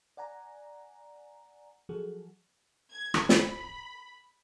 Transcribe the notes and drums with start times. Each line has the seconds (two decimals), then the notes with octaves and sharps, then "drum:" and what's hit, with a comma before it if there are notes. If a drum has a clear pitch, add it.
0.17 D5 F#5 G#5 A#5
1.89 F3 F#3 F#4 G#4 A4
2.90 G#6
3.14 drum: rim click
3.29 B5, drum: snare